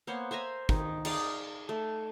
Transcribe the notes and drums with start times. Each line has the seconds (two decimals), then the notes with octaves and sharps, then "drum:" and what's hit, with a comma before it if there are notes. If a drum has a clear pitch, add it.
0.07 A#3 B3 C5 C#5
0.31 C5 E5 G#5 A#5
0.69 D#3, drum: kick
1.05 D#4 G#4 D5 F5, drum: cymbal
1.69 A3